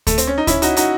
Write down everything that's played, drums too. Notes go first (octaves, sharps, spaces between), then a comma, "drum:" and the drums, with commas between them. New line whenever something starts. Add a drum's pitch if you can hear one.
A3, drum: kick D2, hi-hat
C4, drum: hi-hat
C#4
D#4
C#4 E4, drum: kick D2, hi-hat
D#4 F#4, drum: hi-hat
D#4 F#4, drum: hi-hat